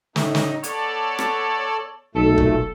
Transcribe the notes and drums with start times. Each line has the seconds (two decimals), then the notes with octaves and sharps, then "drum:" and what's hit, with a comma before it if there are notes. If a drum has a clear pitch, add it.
0.16 A2 D#4, drum: snare
0.35 drum: snare
0.63 B3 A4 C#5 D5, drum: hi-hat
1.19 drum: rim click
2.15 B1 A#2 A3 A4
2.38 drum: kick